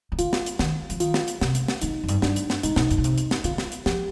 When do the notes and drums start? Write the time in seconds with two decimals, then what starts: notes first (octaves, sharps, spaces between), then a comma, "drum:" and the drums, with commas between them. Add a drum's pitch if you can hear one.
0.12 D#3
0.19 D3 F4, drum: hi-hat
0.33 drum: snare
0.46 drum: hi-hat
0.59 D#3, drum: snare
0.90 F3, drum: hi-hat
1.00 D#3 F4, drum: hi-hat
1.14 drum: snare
1.28 drum: hi-hat
1.41 C3, drum: snare
1.55 drum: hi-hat
1.68 drum: snare
1.82 D3 D#4, drum: hi-hat
2.04 F2
2.09 G2, drum: hi-hat
2.22 G2 D4, drum: snare
2.36 drum: hi-hat
2.50 drum: snare
2.63 G#2 D#4, drum: hi-hat
2.76 B2, drum: snare
2.91 G2, drum: hi-hat
2.98 B2
3.04 C3, drum: hi-hat
3.18 drum: hi-hat
3.31 drum: snare
3.44 D3 F4, drum: hi-hat
3.58 drum: snare
3.72 drum: hi-hat
3.86 F3 G4, drum: snare